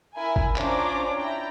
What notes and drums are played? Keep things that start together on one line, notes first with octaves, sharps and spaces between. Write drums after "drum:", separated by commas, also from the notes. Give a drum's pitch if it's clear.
E4 A#4 G#5
drum: kick G1
C#4 D4 F4 C5 A#5 D6, drum: clap
E4 D5 G5 A#5